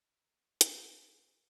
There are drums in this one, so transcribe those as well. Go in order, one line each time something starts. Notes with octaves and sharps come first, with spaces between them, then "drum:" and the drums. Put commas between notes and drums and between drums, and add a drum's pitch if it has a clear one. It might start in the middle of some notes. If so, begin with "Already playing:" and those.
A#4
G#4, drum: hi-hat
B4